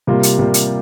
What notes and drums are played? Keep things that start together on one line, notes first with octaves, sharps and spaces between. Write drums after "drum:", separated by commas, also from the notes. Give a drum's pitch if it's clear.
C3 G3 A#3 F4
drum: hi-hat
C3 G3 A#3 F4
drum: hi-hat